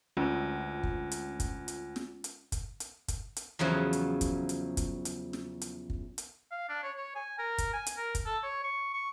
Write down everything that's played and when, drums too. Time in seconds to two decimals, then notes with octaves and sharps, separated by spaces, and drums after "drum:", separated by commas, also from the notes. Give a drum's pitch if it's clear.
0.17 D2 G#3 C#4 F4
0.83 drum: kick
1.12 drum: hi-hat
1.40 drum: kick, hi-hat
1.68 drum: hi-hat
1.96 drum: snare
2.24 drum: hi-hat
2.52 drum: kick, hi-hat
2.80 drum: hi-hat
3.08 drum: kick, hi-hat
3.37 drum: hi-hat
3.59 E2 C#3 F3 F#3
3.93 drum: hi-hat
4.21 drum: kick, hi-hat
4.49 drum: hi-hat
4.77 drum: kick, hi-hat
5.05 drum: hi-hat
5.33 drum: snare
5.62 drum: hi-hat
5.90 drum: kick
6.18 drum: hi-hat
6.51 F5
6.69 D4
6.83 C#5
6.97 C#5
7.15 G#5
7.39 A#4
7.58 drum: kick, hi-hat
7.73 G#5
7.87 drum: hi-hat
7.97 A#4
8.15 drum: kick, hi-hat
8.26 A4
8.43 C#5
8.63 C#6
8.94 C#6